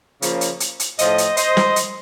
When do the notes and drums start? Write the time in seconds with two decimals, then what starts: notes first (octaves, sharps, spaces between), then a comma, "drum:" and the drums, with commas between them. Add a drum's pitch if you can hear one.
0.22 C#3 F3 A#3, drum: hi-hat
0.41 drum: hi-hat
0.60 drum: hi-hat
0.80 drum: hi-hat
0.99 A2 F3 A3 C5 D#5, drum: hi-hat
1.18 drum: hi-hat
1.37 C5 D#5, drum: hi-hat
1.57 drum: snare
1.76 drum: hi-hat